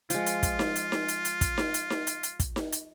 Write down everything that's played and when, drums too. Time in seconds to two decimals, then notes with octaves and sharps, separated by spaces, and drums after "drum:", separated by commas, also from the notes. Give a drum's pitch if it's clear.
0.10 F3 G#3 F4, drum: hi-hat
0.26 drum: hi-hat
0.43 drum: kick, hi-hat
0.59 drum: snare D#4
0.76 drum: hi-hat
0.92 drum: snare D#4
1.08 drum: hi-hat
1.25 drum: hi-hat
1.41 drum: kick, hi-hat
1.58 drum: snare D#4
1.74 drum: hi-hat
1.90 drum: snare D#4
2.07 drum: hi-hat
2.23 drum: hi-hat
2.40 drum: kick, hi-hat
2.56 drum: snare D#4
2.72 drum: hi-hat